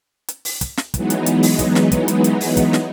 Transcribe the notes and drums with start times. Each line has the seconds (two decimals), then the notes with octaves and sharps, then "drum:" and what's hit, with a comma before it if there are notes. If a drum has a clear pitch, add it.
0.28 drum: hi-hat
0.45 drum: open hi-hat
0.61 drum: kick, hi-hat
0.77 drum: snare
0.94 E3 F#3 G#3 B3 D#4, drum: kick, hi-hat
1.10 drum: hi-hat
1.26 drum: hi-hat
1.43 drum: open hi-hat
1.59 drum: kick, hi-hat
1.75 drum: snare
1.92 drum: kick, hi-hat
2.08 drum: hi-hat
2.24 drum: hi-hat
2.41 drum: open hi-hat
2.57 drum: kick, hi-hat
2.73 drum: snare